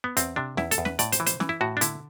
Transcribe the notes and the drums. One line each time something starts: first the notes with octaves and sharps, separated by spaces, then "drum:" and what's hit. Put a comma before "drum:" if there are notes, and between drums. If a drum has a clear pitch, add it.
B3
E2 C4, drum: hi-hat
C3 D4
E2 E4, drum: snare
A4, drum: hi-hat
E2
B4, drum: snare
A2 D5, drum: hi-hat
C5, drum: hi-hat
E3
C5, drum: hi-hat
E3, drum: snare
E4
A2 F#4
D4
D3 E4, drum: hi-hat